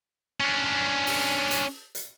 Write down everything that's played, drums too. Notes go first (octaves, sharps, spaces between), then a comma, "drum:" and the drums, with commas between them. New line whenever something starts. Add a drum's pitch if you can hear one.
C#4 D4
drum: open hi-hat
drum: hi-hat
drum: hi-hat